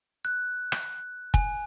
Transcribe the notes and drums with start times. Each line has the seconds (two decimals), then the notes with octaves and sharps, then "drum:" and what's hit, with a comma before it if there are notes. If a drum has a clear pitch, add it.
0.25 F#6
0.72 drum: rim click
1.34 G#5, drum: kick